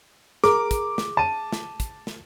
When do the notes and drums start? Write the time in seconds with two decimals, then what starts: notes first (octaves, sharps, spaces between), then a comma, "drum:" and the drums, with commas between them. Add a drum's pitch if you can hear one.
0.44 G#4 A#4 D6, drum: snare
0.71 drum: kick, hi-hat
0.98 drum: snare
1.17 A5 D#7
1.52 drum: snare
1.80 drum: kick, hi-hat
2.07 drum: snare